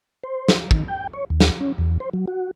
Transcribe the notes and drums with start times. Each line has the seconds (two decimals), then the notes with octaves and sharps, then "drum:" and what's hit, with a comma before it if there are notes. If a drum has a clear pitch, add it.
0.24 C5
0.48 drum: snare
0.71 D#3, drum: kick
0.88 G5
1.13 C#5
1.30 D#2
1.40 drum: snare
1.61 C#4
1.78 E2
2.00 C5
2.13 F#3
2.28 F#4